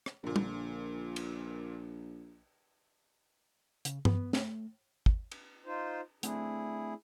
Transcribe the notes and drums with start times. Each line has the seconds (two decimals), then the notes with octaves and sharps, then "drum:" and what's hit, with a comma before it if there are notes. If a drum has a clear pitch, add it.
0.06 drum: rim click
0.24 A#1 A#2 D3
0.36 drum: tom
1.16 drum: cymbal
3.85 C#3, drum: hi-hat
4.05 B3, drum: tom G2
4.33 A3, drum: snare
5.06 drum: kick
5.31 drum: cymbal
5.65 D#4 F4 C5
6.23 A3 C4 D4 E4 G#4, drum: hi-hat